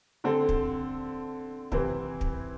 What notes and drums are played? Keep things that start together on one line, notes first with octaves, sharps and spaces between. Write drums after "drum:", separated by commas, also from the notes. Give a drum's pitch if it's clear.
D3 C4 A4
drum: kick
C3 E3 C4 E4, drum: kick
drum: kick